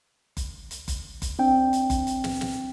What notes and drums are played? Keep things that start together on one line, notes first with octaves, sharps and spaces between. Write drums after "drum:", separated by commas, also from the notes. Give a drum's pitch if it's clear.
drum: kick F#1, hi-hat
drum: hi-hat
drum: kick F#1, hi-hat
drum: kick F#1, hi-hat
C4 D4 G5
drum: hi-hat
drum: kick F#1, hi-hat
drum: hi-hat
drum: snare
drum: snare